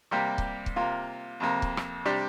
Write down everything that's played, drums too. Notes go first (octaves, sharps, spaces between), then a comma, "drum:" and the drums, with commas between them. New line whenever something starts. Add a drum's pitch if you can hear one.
C3 G3 A#3 G4
drum: kick C#1
drum: kick C#1
C3 A#3 F4
F2 C3 A#3
drum: kick C#1
drum: rim click
C3 G3 D4 G4